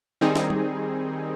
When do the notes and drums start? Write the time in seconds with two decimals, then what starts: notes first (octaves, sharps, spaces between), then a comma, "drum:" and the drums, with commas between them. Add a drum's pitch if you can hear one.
0.21 D#3 G3 C4 D#4 G#4
0.36 drum: snare
0.50 drum: tom G3